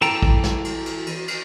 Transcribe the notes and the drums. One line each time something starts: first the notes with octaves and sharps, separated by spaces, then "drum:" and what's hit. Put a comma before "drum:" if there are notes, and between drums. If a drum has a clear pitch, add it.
E3 A4 G5 A#5, drum: cymbal
drum: kick A1
drum: snare
drum: cymbal
drum: cymbal
drum: cymbal
drum: cymbal